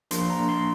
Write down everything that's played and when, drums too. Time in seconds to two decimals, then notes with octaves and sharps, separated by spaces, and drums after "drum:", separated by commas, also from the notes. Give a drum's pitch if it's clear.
0.11 F3 A#3 D4 C6, drum: hi-hat
0.30 A#5
0.49 C6